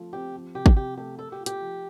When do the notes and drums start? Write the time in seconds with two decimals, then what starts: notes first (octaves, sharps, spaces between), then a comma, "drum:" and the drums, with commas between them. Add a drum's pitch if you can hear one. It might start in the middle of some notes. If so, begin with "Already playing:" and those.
Already playing: F3 A3 F4
0.13 C4 G4
0.34 F3
0.55 C3 G4
0.66 drum: kick
0.76 C3 G4
0.97 A3 G4
1.19 A3 A4
1.32 G4
1.40 F4
1.46 G4, drum: hi-hat
1.61 F3